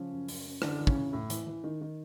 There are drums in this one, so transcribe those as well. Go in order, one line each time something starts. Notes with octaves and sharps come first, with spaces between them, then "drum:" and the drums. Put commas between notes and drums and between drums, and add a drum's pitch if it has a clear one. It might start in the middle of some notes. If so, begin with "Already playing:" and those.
Already playing: C#3 F3 C#4
F#2
F#2, drum: open hi-hat
F#2
D3 E3 D4, drum: rim click
E3
C#3 C#4, drum: kick
E3
A2
E3, drum: hi-hat
E3
D#3
D#3